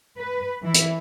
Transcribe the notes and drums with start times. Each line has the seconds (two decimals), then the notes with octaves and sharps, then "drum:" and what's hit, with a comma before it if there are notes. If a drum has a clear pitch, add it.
0.17 B4
0.62 E3 E4
0.74 drum: hi-hat